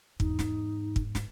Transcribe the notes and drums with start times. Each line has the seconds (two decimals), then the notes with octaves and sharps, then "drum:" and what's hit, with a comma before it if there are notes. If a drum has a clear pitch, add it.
0.20 E2 G#2 D#4, drum: kick
0.39 drum: snare
0.96 drum: kick
1.15 drum: snare